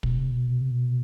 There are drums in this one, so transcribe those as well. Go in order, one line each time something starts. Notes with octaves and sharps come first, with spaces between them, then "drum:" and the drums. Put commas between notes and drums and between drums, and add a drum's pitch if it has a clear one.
B2, drum: kick
C3
B2
C3
B2